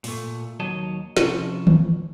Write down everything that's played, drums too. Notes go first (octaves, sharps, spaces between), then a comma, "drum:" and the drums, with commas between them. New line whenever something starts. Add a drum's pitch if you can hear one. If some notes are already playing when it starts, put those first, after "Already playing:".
A#2 A3, drum: open hi-hat
D#2 F#3 C#5 D#5 A5
C3 F3 C#4 E4 F4 A4, drum: snare
drum: tom